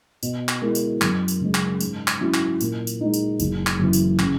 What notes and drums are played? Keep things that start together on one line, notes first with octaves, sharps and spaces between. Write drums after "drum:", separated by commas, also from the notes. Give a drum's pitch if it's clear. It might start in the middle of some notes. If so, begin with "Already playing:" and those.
B2, drum: tambourine
drum: clap
G#3 B3 E4 A#4
drum: tambourine
F#2, drum: clap
drum: tambourine
C#3 G#3 C#4
drum: clap
G#2, drum: tambourine
drum: clap
F#3 C#4 E4
drum: clap
A#2, drum: tambourine
drum: tambourine
G#3 D#4
drum: tambourine
F#1, drum: tambourine
drum: clap
F#2 C#3 E3
drum: tambourine
C#3, drum: clap